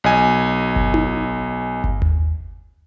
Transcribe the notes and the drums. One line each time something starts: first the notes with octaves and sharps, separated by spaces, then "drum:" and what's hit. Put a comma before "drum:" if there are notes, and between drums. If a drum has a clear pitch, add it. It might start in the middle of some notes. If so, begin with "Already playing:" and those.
B1 D#5 G#5
drum: kick G1
drum: tom D#4
drum: kick G1
drum: tom D#2